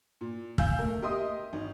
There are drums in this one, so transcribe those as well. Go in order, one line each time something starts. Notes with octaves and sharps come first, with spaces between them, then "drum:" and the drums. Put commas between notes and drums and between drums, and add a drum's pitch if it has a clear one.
A#2
F5 G#5 E6 G6, drum: kick
A3 A#4
G4 A#4 D#5 E5 C6 D#6
G#1